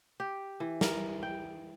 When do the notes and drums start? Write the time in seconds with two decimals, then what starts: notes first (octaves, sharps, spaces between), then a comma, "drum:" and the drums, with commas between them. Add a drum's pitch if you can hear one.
0.20 G4
0.60 E3
0.81 A#4, drum: snare
1.23 G5